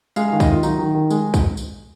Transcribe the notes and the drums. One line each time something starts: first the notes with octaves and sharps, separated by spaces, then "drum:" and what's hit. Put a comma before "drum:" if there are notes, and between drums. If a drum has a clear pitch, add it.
G#3 F5, drum: tambourine
D#3 F5
D#5, drum: kick, tambourine
D#3 F4
F#3 D#4, drum: tambourine
D#3
D#3
G#3, drum: tambourine
drum: kick, tambourine
drum: tambourine